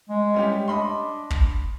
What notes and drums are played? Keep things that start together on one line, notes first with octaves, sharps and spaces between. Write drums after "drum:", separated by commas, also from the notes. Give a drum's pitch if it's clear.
G#3
G3 C#4 G4
D4 D#5 B5 C6
drum: kick